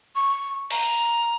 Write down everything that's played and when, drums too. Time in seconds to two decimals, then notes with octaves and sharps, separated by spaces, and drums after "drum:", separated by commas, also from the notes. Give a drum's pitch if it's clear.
0.15 C#6
0.70 A#5, drum: open hi-hat